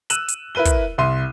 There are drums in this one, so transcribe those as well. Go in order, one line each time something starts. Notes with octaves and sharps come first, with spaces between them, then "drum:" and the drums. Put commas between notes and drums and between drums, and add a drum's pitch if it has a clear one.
E6 F#6 D#7 E7 F#7, drum: hi-hat
drum: hi-hat
E4 A#4 B4 D#7 G7
drum: kick, hi-hat
C2 E5 C6 D#7